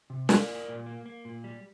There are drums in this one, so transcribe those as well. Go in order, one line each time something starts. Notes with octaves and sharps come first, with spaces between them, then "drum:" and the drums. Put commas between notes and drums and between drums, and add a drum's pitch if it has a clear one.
C3
A#3 A#4 D5, drum: snare
G3
A#2
A#3
A#3
A#2
G3